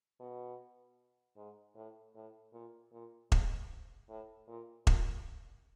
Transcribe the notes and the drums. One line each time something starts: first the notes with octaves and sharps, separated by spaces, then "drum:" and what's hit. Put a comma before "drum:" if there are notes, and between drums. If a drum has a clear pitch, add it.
B2
G#2
A2
A2
A#2
A#2
G#2, drum: kick E1
A2
A#2
A#2, drum: kick E1